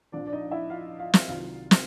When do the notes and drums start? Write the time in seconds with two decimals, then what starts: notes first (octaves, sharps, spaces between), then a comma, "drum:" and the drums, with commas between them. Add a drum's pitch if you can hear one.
0.12 A#1 A#2 F3 D4 D5
0.27 D5
0.33 D#4 D#5
0.51 E4 E5
0.70 F4 F5
0.99 F4 F5
1.14 drum: snare
1.28 C2 C3 D#3 F#3 F4 F5
1.71 drum: snare